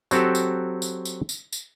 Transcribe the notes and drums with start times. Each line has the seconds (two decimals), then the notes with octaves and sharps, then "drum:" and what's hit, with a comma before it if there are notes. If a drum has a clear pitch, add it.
0.11 F#3 C4 F#4 G4 A4, drum: tambourine
0.35 drum: tambourine
0.82 drum: tambourine
1.05 drum: tambourine
1.29 drum: tambourine
1.53 drum: tambourine